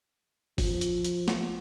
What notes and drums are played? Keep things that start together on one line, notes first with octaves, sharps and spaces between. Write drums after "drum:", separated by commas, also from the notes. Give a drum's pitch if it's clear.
F3, drum: kick G1, open hi-hat
drum: hi-hat
drum: hi-hat
drum: snare